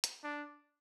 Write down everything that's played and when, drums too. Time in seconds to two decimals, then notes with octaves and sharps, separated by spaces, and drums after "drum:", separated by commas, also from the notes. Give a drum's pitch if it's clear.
0.04 drum: hi-hat
0.23 D4